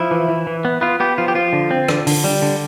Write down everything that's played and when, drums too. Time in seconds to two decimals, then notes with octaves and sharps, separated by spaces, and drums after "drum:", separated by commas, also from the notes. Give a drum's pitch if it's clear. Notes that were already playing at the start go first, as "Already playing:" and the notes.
Already playing: F3 E4
0.11 E3
0.28 E3
0.47 E3
0.65 B3
0.81 B3 F4
1.00 B3 G4
1.18 F3 F4
1.28 G4
1.35 F3 F4
1.53 D3
1.71 C4
1.88 D3, drum: rim click
2.07 D3, drum: open hi-hat
2.24 G3
2.42 D3